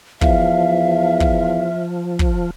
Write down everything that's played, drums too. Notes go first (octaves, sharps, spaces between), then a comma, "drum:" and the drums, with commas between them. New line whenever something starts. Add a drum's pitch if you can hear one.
E2 F3 E5 F5, drum: kick
drum: kick
drum: kick